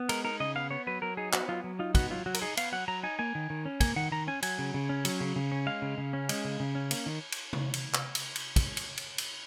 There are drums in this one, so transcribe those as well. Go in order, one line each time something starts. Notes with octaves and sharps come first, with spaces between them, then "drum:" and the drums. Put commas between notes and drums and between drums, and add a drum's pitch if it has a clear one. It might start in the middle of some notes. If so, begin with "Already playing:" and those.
Already playing: B3
G#3 A#4, drum: cymbal
D#4 A#4
C#3 D#5
B3 F5
B3 C#5
F#3 B4
F#3 A#4
D#4 G#4
B3 F#4, drum: clap
F#3 F4
F#3
D#4 F4
B3 F#4, drum: kick, cymbal
F#3 F4
F#3 F#4
A#4, drum: cymbal
D#4 G#4
B3 F5, drum: cymbal
F#3 F#5
F#3 A#5
D#4 G#5
A#3 G#5
D#3
D#3
C#4
A#3 G#5, drum: kick, cymbal
D#3 F#5
D#3 A#5
C#4 G#5
F#3 G#5, drum: cymbal
C#3
C#3
C#4
F#3, drum: cymbal
C#3
C#3
C#4
G#3 F5
C#3
C#3
C#4
G#3, drum: cymbal
C#3
C#3
C#4
A#3, drum: cymbal
D#3
drum: cymbal
drum: tom C3
drum: cymbal
drum: clap
drum: cymbal
drum: cymbal
drum: kick, cymbal
drum: cymbal
drum: cymbal
drum: cymbal